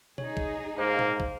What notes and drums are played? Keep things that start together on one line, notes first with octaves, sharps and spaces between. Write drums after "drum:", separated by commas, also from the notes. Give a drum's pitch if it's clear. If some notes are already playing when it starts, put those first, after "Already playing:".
D#4 G#4 C#5, drum: tom B2
drum: kick
G#2 A#3 C5 F5
drum: tom A#2
drum: kick